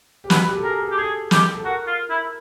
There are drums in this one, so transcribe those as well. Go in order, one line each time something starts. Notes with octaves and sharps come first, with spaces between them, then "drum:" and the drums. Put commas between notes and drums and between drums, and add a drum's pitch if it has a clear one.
G4
F#4 B4, drum: snare
G4
A4
G#4 A#4
A4
G4
G#4 A4
G4, drum: snare
A4
F#4 A#4
F4
E4